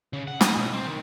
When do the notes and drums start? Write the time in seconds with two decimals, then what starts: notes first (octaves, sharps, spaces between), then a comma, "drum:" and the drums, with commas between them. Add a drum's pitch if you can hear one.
0.13 C#3
0.28 F#5
0.41 D#5, drum: snare
0.57 B1
0.74 C4
0.87 D#3